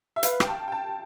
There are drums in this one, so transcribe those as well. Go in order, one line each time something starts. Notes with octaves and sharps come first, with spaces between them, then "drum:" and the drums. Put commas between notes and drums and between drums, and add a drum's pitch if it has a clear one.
E5
B4 F5, drum: hi-hat
G5, drum: rim click
A5
G5
A5